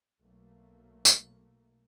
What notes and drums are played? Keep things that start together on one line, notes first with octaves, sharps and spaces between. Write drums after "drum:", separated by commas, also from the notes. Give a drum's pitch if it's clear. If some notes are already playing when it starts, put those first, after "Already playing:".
B1 A3 A#3
drum: tambourine